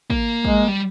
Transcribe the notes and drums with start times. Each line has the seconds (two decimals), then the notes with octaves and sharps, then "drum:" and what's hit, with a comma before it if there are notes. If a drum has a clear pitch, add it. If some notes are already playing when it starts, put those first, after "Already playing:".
0.10 A#3, drum: kick
0.45 G#3, drum: kick
0.68 G3